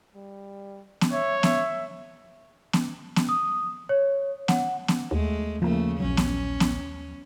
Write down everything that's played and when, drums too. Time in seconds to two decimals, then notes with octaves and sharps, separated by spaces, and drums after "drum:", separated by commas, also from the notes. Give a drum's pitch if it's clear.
0.15 G3
1.01 drum: snare B3
1.13 C#5 E5
1.43 E5, drum: snare B3
2.73 drum: snare B3
3.16 drum: snare B3
3.29 D#6
3.89 C#5
4.48 F#5, drum: snare B3
4.88 drum: snare B3
5.11 D#2 G#3 A3
5.62 C#3 F3 F#3 A3 A#3
6.00 A#1 F#3 C#4
6.17 drum: snare B3
6.60 drum: snare B3